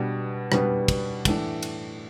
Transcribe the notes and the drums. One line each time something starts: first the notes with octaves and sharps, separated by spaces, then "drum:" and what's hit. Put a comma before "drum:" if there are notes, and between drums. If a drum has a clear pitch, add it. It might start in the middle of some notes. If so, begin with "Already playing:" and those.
Already playing: B2 G3 B3 D4
B2 G3 B3 D4, drum: rim click
drum: kick, cymbal
A2 E3 A3 D4, drum: kick, cymbal
drum: cymbal